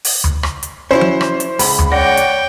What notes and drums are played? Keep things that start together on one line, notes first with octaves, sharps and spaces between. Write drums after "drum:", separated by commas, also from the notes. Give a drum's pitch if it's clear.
drum: open hi-hat
drum: tom D2
drum: rim click
drum: hi-hat
C#4 E4 F#4 C5
drum: tom F3
drum: rim click
drum: hi-hat
C#2 B5, drum: open hi-hat
drum: tom D2
C#5 D5 F#5 G5 A#6
drum: hi-hat